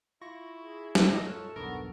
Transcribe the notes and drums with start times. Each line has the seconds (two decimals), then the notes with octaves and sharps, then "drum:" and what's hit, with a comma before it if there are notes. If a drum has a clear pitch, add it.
0.22 E4 F4 C#6 A#6
0.58 G#4
0.95 drum: snare
1.08 A#2 D#4 D#5
1.23 F#2 F4 A4 C#5 F6 F#6 E7
1.56 B1 E2 G2 B3 A#4 C#6